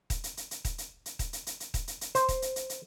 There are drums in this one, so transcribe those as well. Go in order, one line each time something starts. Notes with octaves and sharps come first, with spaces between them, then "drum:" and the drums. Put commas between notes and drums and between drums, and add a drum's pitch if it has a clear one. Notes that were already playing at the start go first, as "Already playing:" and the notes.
drum: kick D#1, hi-hat
drum: hi-hat
drum: hi-hat
drum: hi-hat
drum: kick D#1, hi-hat
drum: hi-hat
drum: hi-hat
drum: kick D#1, hi-hat
drum: hi-hat
drum: hi-hat
drum: hi-hat
drum: kick D#1, hi-hat
drum: hi-hat
drum: hi-hat
C5, drum: hi-hat
drum: kick D#1, hi-hat
drum: hi-hat
drum: hi-hat
drum: hi-hat